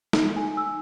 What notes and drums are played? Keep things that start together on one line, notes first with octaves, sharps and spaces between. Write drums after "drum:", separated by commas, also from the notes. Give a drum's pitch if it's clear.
D#4, drum: snare
G#5
E6